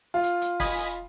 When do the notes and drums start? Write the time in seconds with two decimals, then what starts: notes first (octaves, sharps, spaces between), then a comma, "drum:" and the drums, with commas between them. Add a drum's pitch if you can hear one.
0.14 F4
0.23 drum: hi-hat
0.41 drum: hi-hat
0.60 D#5 G#5 B5, drum: kick, open hi-hat
0.78 drum: hi-hat